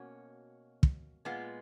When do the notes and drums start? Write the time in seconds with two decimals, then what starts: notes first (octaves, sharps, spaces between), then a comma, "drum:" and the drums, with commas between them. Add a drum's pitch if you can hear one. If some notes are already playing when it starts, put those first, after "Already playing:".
Already playing: B2 A#3 C#4 F#4
0.83 drum: kick
1.25 A#2 G#3 B3 F4